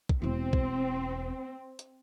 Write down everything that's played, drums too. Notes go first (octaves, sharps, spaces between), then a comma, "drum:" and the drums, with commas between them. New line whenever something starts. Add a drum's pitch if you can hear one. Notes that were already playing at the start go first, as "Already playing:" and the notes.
drum: kick
E1 C4 E4
drum: kick
drum: hi-hat